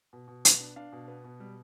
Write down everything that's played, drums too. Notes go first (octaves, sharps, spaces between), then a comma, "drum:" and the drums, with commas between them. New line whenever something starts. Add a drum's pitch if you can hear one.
B2
B2
B3, drum: hi-hat
D4
D4 F5
B2
B3
B2
G3